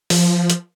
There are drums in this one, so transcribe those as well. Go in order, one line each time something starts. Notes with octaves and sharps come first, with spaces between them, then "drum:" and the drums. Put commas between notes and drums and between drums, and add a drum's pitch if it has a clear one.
F3, drum: open hi-hat
drum: hi-hat